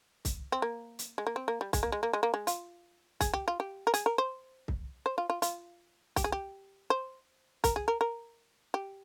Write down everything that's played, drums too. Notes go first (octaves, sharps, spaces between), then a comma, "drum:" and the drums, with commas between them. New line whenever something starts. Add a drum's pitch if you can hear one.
drum: kick C2, hi-hat
C4
A#3
drum: hi-hat
G#3
A#3
C4
A#3
G3
G#3, drum: kick C2, hi-hat
A#3
G#3
A#3
G#3
A#3
G#3
F4, drum: hi-hat
G#4, drum: kick C2, hi-hat
G4
F4
G4
A#4
G#4, drum: hi-hat
A#4
C5
drum: kick C2
C5
F4
F4
F4, drum: hi-hat
G4, drum: kick C2, hi-hat
G#4
G4
C5
A#4, drum: kick C2, hi-hat
G#4
A#4
A#4
G4